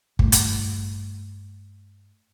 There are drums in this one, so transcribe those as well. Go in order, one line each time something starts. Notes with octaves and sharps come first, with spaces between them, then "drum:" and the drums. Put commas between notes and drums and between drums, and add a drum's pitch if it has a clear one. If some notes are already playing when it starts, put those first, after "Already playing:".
G2 A3, drum: kick
drum: hi-hat